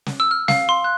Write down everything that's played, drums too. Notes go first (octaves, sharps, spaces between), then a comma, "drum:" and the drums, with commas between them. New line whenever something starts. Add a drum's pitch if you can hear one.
drum: snare
E6
F6
F5, drum: snare
C6
F#6